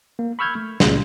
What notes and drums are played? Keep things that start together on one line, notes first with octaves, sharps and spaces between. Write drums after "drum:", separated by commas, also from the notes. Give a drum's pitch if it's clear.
A#3
B5 C#6 E6 F6 G6 G#6
A3
C#2 A#2 C#3, drum: snare